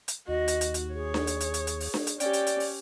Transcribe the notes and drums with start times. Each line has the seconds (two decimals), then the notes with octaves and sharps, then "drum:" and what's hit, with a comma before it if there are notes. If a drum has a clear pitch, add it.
0.08 drum: hi-hat
0.28 D#2 F#4 D#5
0.48 drum: hi-hat
0.61 drum: hi-hat
0.74 drum: hi-hat
0.94 G#4 C#5
1.14 drum: snare D4
1.27 drum: hi-hat
1.41 drum: hi-hat
1.54 drum: hi-hat
1.67 drum: hi-hat
1.80 drum: open hi-hat
1.94 drum: snare D4
2.07 drum: hi-hat
2.20 C#4 G4 D5 G5, drum: hi-hat
2.33 drum: hi-hat
2.47 drum: hi-hat
2.60 drum: open hi-hat